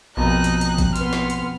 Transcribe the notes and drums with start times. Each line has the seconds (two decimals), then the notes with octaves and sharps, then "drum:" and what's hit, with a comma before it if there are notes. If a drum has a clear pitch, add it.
0.17 A#1 F2 B2 D#4 F#6
0.44 drum: hi-hat
0.61 drum: hi-hat
0.78 drum: kick, hi-hat
0.96 B3 C6 F6, drum: hi-hat
1.13 drum: snare
1.30 drum: hi-hat